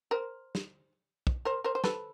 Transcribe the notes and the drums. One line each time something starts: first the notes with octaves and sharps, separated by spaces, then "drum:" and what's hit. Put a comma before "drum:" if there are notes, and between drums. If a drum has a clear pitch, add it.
A#4 C5
drum: snare
drum: kick
A#4 C5
A#4 C5
C5
A4 B4, drum: snare